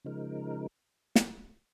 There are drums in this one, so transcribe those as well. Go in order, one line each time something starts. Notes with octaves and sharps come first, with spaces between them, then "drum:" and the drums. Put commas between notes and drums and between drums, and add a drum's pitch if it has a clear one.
C#3 F3 G#3 D#4 A#4
drum: snare